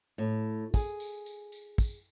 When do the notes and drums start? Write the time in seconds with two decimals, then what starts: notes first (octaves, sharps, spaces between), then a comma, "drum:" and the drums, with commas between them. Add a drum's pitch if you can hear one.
0.18 A2
0.74 G#4, drum: kick, tambourine
1.00 drum: tambourine
1.26 drum: tambourine
1.52 drum: tambourine
1.78 drum: kick, tambourine